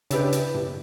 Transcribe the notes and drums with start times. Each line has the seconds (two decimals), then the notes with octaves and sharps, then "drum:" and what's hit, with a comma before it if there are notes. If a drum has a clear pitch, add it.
0.11 C#3 D4 E4 G4 B4, drum: hi-hat
0.32 drum: hi-hat
0.54 drum: tom F#2